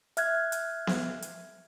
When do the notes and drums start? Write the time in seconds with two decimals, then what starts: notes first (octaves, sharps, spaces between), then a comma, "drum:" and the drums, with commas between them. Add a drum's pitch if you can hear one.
0.17 E5 F6 F#6 G#6, drum: hi-hat
0.52 drum: hi-hat
0.87 drum: snare B3
1.22 drum: hi-hat